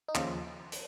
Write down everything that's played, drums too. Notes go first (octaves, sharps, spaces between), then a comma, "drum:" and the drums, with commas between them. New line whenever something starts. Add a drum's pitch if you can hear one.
D#4
D#2 C#3 F3 F4, drum: clap
drum: hi-hat